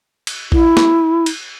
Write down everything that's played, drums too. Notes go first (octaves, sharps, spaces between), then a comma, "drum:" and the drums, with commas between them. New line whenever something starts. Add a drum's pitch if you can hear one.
drum: cymbal
E4, drum: kick A1
drum: snare
drum: cymbal